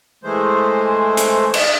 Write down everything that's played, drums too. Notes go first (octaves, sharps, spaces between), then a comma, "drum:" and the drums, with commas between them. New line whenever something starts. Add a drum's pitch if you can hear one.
E3 G#3 A3 C5
drum: hi-hat
drum: cymbal